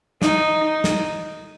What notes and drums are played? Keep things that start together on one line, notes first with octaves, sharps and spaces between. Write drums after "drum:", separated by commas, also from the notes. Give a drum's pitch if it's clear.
D#4, drum: snare
D#4
drum: snare